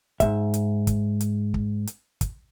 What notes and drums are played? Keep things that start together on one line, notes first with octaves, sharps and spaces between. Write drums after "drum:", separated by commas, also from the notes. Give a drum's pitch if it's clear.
G#2 E5, drum: kick, hi-hat
drum: hi-hat
drum: kick, hi-hat
drum: hi-hat
drum: kick
drum: hi-hat
drum: kick, hi-hat